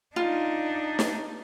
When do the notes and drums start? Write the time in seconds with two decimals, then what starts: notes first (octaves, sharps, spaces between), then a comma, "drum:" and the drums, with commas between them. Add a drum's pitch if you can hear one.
0.16 D4 D#4 F4
0.99 drum: snare